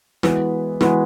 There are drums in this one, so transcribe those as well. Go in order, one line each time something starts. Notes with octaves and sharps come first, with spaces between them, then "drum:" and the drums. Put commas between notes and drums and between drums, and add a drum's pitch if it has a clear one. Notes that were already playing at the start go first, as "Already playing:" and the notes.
E3 G#3 B3 F#4 B4, drum: snare
E3 G#3 B3 F#4 B4, drum: snare